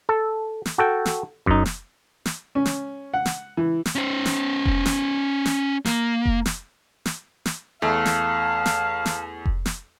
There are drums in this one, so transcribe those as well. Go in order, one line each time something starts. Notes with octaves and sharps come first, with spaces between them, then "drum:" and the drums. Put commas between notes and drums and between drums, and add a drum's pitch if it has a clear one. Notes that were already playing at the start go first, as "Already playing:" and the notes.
A4
drum: snare
F#4 A4 G5
drum: snare
F#2 D#4, drum: kick F1
drum: snare
drum: snare
C#4
drum: snare
F#5
drum: snare
E3
drum: snare
C#4 C5
drum: snare
drum: kick F1
drum: snare
drum: snare
A#3, drum: snare
drum: kick F1
drum: snare
drum: snare
drum: snare
E2 A3 F5 A5
drum: snare
drum: snare
drum: snare
drum: kick F1
drum: snare